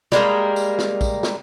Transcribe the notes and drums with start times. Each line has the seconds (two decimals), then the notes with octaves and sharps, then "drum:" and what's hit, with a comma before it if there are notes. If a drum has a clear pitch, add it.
0.12 G3 G#3 A#3 A#4, drum: snare
0.56 drum: tambourine
0.79 drum: snare
1.01 drum: kick A#1, tambourine
1.23 drum: snare